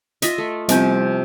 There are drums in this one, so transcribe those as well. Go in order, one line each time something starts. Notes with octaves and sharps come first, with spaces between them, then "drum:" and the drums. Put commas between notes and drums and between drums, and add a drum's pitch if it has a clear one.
F4 D#5 E5, drum: hi-hat
A3
C3 F3 G3 C4 G6, drum: hi-hat